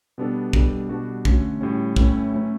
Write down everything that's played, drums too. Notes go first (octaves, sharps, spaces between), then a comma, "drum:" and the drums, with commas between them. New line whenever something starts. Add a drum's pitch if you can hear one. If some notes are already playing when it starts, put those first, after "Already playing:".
B2 G3 B3 D4 A4
B2 G3 D4 A4, drum: kick
B2 G3 D4 F#4
D3 A3 C#4 F#4, drum: kick
A2 G3 C#4
A2 E3 A3 C#4 E4, drum: kick
F#3 A3 C#4